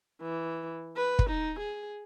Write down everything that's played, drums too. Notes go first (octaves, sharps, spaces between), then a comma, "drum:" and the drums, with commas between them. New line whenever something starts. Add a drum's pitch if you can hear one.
E3
B4
drum: kick
D#4
G#4